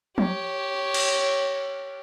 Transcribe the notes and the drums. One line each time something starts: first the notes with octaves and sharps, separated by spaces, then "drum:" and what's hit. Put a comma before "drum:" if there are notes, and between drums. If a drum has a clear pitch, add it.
G4 C#5, drum: tom F3
drum: cymbal